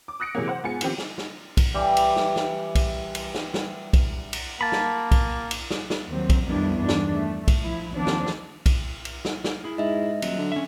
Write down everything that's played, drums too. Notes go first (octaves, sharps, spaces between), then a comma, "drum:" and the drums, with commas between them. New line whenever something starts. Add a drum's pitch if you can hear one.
D6
D#6 F#6 A#6 C#7 D7
C3 E3 F#3 G#3 A#3
C5 F#5
G#2 B3 F4 G#5 C#7
D#3 F3 B3 C4 G4, drum: cymbal
drum: snare
drum: snare
drum: kick B1, cymbal
E3 G3 G4
drum: cymbal
drum: snare
drum: snare
drum: kick B1, cymbal
drum: cymbal
drum: snare
drum: snare
drum: kick B1, cymbal
drum: cymbal
A#3 A5 B5
drum: snare
drum: kick B1, cymbal
drum: cymbal
drum: snare
drum: snare
D#2 F#3 C4
drum: kick B1, cymbal
F2 D#3 G3 B3 D4 E4
E2 G2 D#3 D4
drum: snare
A3
drum: kick B1, cymbal
F3 E4
D#2 F3 C4 D4
drum: snare
drum: snare
drum: kick B1, cymbal
drum: cymbal
drum: snare
drum: snare
E4 G#4
G#2 D#5 E5
D#1 F#3, drum: cymbal
D3
C#4 E5